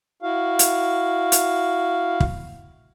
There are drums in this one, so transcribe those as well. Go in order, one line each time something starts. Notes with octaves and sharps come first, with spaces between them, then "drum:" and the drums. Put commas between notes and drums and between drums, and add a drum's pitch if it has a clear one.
E4 F#4 F5
drum: hi-hat
drum: hi-hat
drum: kick